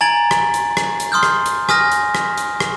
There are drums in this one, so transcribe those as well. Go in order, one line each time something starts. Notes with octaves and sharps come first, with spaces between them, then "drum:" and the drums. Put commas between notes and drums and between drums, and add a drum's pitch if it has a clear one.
G#5 A#5 G#6 A6 D7 F#7
drum: rim click
drum: hi-hat
drum: rim click
drum: hi-hat
C6 D#6 F6 G6
drum: rim click
drum: hi-hat
G#5 D#6 F6 A#6, drum: rim click
drum: hi-hat
drum: rim click
drum: hi-hat
drum: rim click